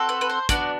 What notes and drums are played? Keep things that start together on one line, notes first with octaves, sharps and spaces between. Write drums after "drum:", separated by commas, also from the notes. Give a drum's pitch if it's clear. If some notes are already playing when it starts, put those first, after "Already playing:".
Already playing: C4 F#4 A4
B4
B4
C5
B3 D4 F#4 D5, drum: kick, hi-hat